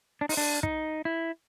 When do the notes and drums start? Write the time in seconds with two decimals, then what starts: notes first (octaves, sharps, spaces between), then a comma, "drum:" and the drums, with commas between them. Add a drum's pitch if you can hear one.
0.21 D4
0.29 D#4, drum: open hi-hat
0.37 D4
0.63 D#4, drum: kick
1.05 E4